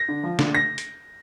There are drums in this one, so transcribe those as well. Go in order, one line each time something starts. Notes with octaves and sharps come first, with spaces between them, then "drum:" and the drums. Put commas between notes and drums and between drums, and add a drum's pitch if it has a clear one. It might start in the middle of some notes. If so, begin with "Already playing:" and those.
Already playing: A#6
D3
F3
D3, drum: snare
A#6
drum: hi-hat